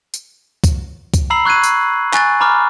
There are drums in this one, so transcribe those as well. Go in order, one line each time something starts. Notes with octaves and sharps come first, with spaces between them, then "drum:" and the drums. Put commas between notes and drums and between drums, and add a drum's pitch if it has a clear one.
drum: tambourine
drum: kick C#2, tambourine
drum: kick C#2, tambourine
A#5 B5 E6 C7 F#7
C#6 F#6 G#6 C7 D#7
drum: tambourine
G#5 C#6 F#6 A6, drum: clap
A#5 B5 D6 F6